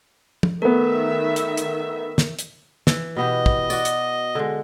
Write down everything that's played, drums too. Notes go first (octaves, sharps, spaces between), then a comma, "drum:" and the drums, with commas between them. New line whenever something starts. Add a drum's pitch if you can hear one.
drum: tom
D#3 A3 B3 A#4 E5
drum: hi-hat
drum: hi-hat
drum: snare
drum: hi-hat
E3, drum: snare
B2 B3 G4 D#5
drum: kick
F#4 D5, drum: tambourine
drum: hi-hat
D3 G#3